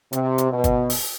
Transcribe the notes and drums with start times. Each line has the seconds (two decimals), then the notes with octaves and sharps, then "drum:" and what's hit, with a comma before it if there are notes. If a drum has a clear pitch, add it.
0.13 C3, drum: hi-hat
0.38 drum: hi-hat
0.51 B2
0.64 drum: kick, hi-hat
0.90 drum: open hi-hat